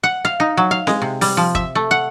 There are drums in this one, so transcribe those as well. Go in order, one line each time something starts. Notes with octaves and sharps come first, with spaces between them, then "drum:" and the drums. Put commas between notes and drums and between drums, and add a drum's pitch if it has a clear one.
F#5
F5
D#4
F#3
F5
G#3, drum: snare C4
C3
G3, drum: open hi-hat
F3
E5, drum: kick
A3
F#5